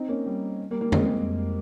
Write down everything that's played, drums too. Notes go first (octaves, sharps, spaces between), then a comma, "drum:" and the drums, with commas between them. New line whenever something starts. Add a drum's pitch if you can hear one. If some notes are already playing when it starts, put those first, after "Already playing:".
Already playing: C4 D#4
A#3 C#4
G3
G3 A#3
G3 A#3
G#3 C4, drum: tom